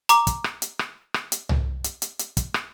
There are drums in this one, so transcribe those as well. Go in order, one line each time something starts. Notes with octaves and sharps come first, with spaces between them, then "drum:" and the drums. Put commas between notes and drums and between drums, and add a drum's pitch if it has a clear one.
A#5 D6, drum: hi-hat
drum: kick, hi-hat
drum: rim click
drum: hi-hat
drum: rim click
drum: rim click
drum: hi-hat
drum: tom C2
drum: hi-hat
drum: hi-hat
drum: hi-hat
drum: kick, hi-hat
drum: rim click